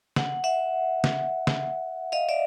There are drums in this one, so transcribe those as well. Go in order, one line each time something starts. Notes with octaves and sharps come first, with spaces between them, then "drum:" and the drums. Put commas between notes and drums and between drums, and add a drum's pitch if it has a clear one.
F#5, drum: snare
E5 F#5
drum: snare
drum: snare
D#5 F5
D5 E5